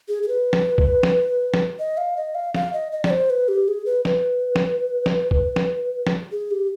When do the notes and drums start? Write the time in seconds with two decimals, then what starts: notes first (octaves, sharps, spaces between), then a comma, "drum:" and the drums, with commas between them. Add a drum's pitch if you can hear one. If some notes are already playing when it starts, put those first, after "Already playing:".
0.08 G#4
0.23 G#4
0.28 B4
0.53 drum: snare
0.78 drum: kick C2
1.03 drum: snare
1.54 drum: snare
1.79 D#5
1.97 F5
2.17 D#5
2.35 F5
2.55 F5, drum: snare
2.73 D#5
2.92 D#5
3.04 D5, drum: snare
3.10 C5
3.30 B4
3.48 G4
3.68 G#4
3.86 B4
4.05 B4, drum: snare
4.56 drum: snare
5.06 drum: snare
5.31 drum: kick C2
5.56 drum: snare
6.07 drum: snare
6.32 G#4
6.51 G4